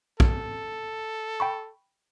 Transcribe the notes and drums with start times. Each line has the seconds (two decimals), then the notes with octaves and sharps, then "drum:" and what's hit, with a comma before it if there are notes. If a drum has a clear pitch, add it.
0.20 A4, drum: kick
1.40 G5 B5 C#6